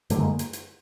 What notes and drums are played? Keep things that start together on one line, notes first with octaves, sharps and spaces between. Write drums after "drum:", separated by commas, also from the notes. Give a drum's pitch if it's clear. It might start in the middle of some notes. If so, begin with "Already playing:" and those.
F#2 D3 G3 A3, drum: hi-hat
G#3 A#3
drum: hi-hat
drum: hi-hat